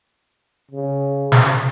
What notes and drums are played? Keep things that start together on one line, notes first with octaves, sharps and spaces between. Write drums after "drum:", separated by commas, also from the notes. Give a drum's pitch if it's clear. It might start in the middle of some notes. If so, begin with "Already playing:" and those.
C#3
drum: snare